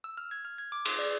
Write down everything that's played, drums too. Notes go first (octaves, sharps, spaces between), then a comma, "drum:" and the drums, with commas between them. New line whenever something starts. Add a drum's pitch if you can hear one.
E6
F6
G#6
F6
G#6
D6
C6, drum: cymbal
D5